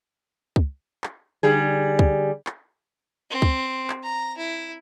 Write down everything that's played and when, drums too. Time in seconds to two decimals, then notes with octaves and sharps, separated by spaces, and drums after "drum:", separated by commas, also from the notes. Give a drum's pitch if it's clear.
0.56 drum: kick C#2
1.04 drum: clap
1.43 D3 G3 G#4
1.99 drum: kick C#2
2.47 drum: clap
3.30 C4
3.42 drum: kick C#2
3.90 drum: clap
4.04 A#5
4.37 E4